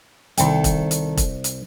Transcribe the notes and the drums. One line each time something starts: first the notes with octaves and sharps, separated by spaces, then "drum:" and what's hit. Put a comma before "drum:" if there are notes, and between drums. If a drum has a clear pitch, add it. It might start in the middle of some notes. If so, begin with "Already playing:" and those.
C2 D#3 A4 G5, drum: hi-hat
drum: kick E1, hi-hat
drum: hi-hat
drum: kick E1, hi-hat
drum: hi-hat